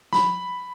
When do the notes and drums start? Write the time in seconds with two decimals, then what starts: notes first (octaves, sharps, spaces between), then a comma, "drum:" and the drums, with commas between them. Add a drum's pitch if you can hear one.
0.13 B5, drum: snare